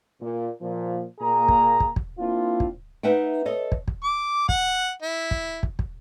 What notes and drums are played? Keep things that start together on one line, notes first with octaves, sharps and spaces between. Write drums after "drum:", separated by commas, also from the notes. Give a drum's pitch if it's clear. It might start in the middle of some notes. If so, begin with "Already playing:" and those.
A#2
A#2 F3
A#2 A#3 G#4 A#5
drum: kick
drum: kick
drum: kick
A#3 C4 D4 E4 F4
drum: kick
D#4 B4 E5 F#5 G5
A4 C#5 D#5
drum: kick
drum: kick
D6
F#5, drum: kick
E4
drum: kick
drum: kick
drum: kick